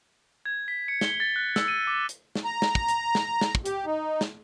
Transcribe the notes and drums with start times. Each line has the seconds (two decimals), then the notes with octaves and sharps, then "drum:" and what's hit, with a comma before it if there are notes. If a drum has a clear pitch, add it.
0.46 G#6
0.68 B6
0.88 C#7
1.01 G7, drum: snare
1.20 A6
1.36 F#6
1.56 E6, drum: snare
1.68 D#7
1.87 D6
2.09 drum: hi-hat
2.35 drum: snare
2.45 A#5
2.62 drum: snare
2.75 drum: kick
2.88 drum: hi-hat
3.15 drum: snare
3.41 drum: snare
3.55 drum: kick
3.65 G4, drum: hi-hat
3.86 D#4
4.21 drum: snare